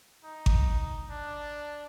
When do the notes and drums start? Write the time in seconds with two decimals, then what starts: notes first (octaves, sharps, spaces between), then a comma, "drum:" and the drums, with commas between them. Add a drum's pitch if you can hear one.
0.24 D#4
0.46 drum: kick G#1
1.10 D4